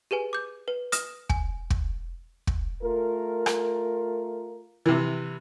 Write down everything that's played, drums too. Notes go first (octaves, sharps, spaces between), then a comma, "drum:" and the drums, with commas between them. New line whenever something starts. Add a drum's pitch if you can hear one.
G4 G#4 B4 G#5
D6 G6
B4
D#6 F6 A#6 E7, drum: hi-hat
G#5, drum: kick
drum: kick
drum: kick
A3 F4 A#4
drum: rim click
C3 E3